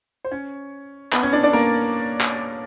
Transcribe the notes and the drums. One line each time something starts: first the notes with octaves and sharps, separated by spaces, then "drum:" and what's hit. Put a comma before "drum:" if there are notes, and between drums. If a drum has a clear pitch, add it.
C5
C#4 C#5
B3 B4, drum: clap
C#4 C#5
D4 D5
D4 D5
A#3 A#4
drum: clap